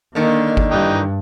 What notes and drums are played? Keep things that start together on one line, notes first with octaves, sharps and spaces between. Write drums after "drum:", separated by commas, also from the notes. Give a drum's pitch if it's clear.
D3 D#3 A#3
drum: kick G1
G2 E3 D#4 G5